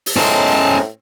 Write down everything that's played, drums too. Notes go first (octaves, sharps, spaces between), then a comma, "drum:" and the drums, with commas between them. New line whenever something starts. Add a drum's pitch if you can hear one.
drum: open hi-hat
F#2 A2 G#3 C#4 D#4 C5 G#5 A5